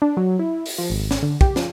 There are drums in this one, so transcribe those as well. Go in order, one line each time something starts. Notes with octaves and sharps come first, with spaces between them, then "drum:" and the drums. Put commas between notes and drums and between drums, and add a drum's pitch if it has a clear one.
D4
F#3
E4
drum: open hi-hat
F3
G#1
drum: snare
D3
G4, drum: kick
F3, drum: snare